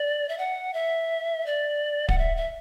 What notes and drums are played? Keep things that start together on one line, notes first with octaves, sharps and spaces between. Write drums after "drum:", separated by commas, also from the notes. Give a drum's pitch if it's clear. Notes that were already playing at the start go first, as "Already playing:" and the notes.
Already playing: D5
E5
F#5
E5
D5
F#5, drum: kick D1
E5
E5